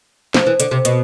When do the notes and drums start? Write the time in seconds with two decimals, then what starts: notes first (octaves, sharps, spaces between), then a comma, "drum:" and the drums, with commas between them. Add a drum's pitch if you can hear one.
0.34 F3, drum: snare
0.46 E3
0.60 D3, drum: hi-hat
0.71 C3
0.85 B2, drum: hi-hat